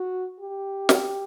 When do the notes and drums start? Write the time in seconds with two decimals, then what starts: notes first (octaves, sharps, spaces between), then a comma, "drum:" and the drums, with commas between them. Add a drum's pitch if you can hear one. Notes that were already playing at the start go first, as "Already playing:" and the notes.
Already playing: F#4
0.40 G4
0.89 drum: snare